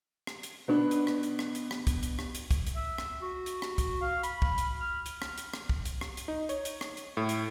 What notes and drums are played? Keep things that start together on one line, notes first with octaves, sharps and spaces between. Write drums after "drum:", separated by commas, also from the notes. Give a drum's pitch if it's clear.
drum: rim click
drum: hi-hat
B2 B3 D4
drum: hi-hat
drum: rim click
drum: hi-hat
drum: rim click
drum: hi-hat
drum: rim click
drum: kick, hi-hat
drum: hi-hat
drum: rim click
drum: hi-hat
drum: kick, hi-hat
drum: hi-hat
E5
drum: rim click
F#4
drum: hi-hat
drum: rim click
drum: kick, hi-hat
F5
B5, drum: hi-hat
drum: kick
drum: hi-hat
F6
drum: hi-hat
drum: rim click
drum: hi-hat
drum: rim click
drum: kick
drum: hi-hat
drum: rim click
drum: hi-hat
D#4
C#5, drum: hi-hat
drum: hi-hat
drum: rim click
drum: hi-hat
A2
drum: hi-hat